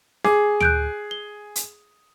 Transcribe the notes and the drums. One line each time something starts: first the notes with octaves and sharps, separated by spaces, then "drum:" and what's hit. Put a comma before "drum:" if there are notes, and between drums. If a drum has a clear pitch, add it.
G#4 D6, drum: snare
F#6 G6 D7, drum: tom
G7
drum: hi-hat